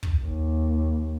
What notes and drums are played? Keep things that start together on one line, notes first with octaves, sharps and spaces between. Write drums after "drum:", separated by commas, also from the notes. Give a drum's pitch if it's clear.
drum: kick
D#2